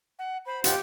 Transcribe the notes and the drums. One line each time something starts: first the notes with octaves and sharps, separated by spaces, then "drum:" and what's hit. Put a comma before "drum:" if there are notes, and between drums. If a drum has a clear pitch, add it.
F#5
C5 B5
D#2 F4 G4 F#5, drum: hi-hat